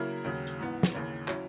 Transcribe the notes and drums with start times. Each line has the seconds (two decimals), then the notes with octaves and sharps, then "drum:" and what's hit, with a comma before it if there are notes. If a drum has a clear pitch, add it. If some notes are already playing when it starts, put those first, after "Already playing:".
Already playing: C#3 F#3 A#3 E4 A#4
0.24 D#2 C#3 F#3
0.47 drum: hi-hat
0.59 G#2 E3 B3
0.83 drum: snare
0.93 D#2 C#3 E3
1.28 F#3 C#4 E4, drum: clap